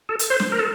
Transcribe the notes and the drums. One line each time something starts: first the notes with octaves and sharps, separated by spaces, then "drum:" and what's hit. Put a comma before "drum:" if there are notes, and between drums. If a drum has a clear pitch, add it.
A4
drum: hi-hat
C5
drum: snare
A#4
A4